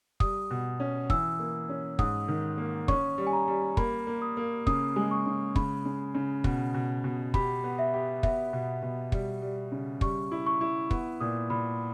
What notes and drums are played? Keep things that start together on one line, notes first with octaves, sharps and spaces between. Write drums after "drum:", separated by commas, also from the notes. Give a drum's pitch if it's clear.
G3 D#6, drum: kick
B2
C#4
E3 E6, drum: kick
A#3
C#4
G#2 D#6, drum: kick
D#3
A#3
C#4 C#6, drum: kick
G3
G#5
A#5
G3
A#3 B5, drum: kick
A#3
D#6
A#3
C#3 D#6, drum: kick
G#3
C#6
C#3
C#3 B5, drum: kick
C#3
C#3
B2, drum: kick
B2
B2
G4 B5, drum: kick
B3
E5
G4
B3 E5, drum: kick
B2
B2
G3, drum: kick
G3
C#3
G3 C#6, drum: kick
E4
C#6
E4
B3, drum: kick
A#2 D#6
A#2 B5